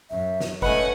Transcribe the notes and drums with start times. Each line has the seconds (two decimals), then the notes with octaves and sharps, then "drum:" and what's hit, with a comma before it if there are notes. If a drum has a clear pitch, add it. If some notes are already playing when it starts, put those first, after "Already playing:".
0.10 F#2 E5
0.40 drum: snare
0.62 A3 C#4 B4 D#5 F#5 G#5 B5 F#6, drum: kick